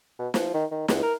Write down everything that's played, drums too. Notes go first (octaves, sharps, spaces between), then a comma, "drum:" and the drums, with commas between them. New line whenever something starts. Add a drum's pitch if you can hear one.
B2
F3, drum: snare
D#3
D#3
C#2, drum: snare
A#4